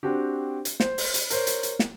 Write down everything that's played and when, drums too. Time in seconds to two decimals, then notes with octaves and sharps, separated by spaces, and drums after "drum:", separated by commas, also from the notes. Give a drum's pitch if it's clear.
0.03 C4 D4 F#4 G4
0.65 drum: hi-hat
0.80 C5, drum: snare
0.98 drum: open hi-hat
1.14 drum: hi-hat
1.30 A#4 C5 C#5, drum: hi-hat
1.47 drum: hi-hat
1.63 drum: hi-hat
1.79 drum: snare